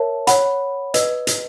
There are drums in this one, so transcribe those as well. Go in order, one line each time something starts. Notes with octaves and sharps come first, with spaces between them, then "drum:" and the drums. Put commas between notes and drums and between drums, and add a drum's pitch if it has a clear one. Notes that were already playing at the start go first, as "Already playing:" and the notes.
Already playing: A#4 C#5 E5 A5
C#5 F#5 B5, drum: hi-hat
B4 D#5, drum: hi-hat
drum: hi-hat